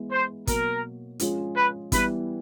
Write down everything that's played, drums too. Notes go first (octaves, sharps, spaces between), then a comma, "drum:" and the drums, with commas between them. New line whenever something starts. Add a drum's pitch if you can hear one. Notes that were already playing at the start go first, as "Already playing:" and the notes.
Already playing: E3 G#3 B3 E4
C5
B2 F#3 A#3 A#4, drum: kick, hi-hat
F3 G#3 C#4 F4 G#4, drum: hi-hat
B4
E3 G3 B3 E4 B4, drum: kick, hi-hat